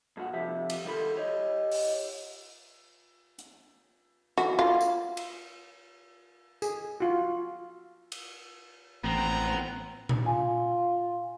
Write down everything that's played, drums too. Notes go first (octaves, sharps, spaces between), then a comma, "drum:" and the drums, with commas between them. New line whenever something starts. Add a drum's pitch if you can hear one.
G2 A#2 F#4
C3 F3 G4 E5
drum: cymbal
D#3 G3 A4 B5 C6
G4 C#5 D#5
drum: open hi-hat
drum: hi-hat
F#4, drum: rim click
F4
drum: tambourine
drum: cymbal
G#4, drum: tambourine
F4 F#4
drum: cymbal
A1 B3 C4 A#5
drum: tom A#2
F4 G#5